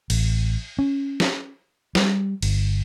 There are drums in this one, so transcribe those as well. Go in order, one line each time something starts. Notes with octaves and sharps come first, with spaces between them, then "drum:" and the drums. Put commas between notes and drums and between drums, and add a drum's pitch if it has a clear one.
A1, drum: cymbal
C#4
drum: snare
G3, drum: snare
G1, drum: cymbal